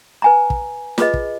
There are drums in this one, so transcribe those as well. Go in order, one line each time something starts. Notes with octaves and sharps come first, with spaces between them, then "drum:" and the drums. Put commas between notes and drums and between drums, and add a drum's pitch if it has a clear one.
B4 G#5 A#5
drum: kick
F4 G#4 B4 D#5, drum: snare
drum: kick